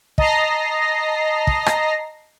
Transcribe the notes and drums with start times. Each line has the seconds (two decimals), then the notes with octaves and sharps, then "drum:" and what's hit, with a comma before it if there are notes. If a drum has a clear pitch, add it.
0.18 D#5 A5 A#5 A#6 C7, drum: kick
1.47 drum: kick
1.66 drum: rim click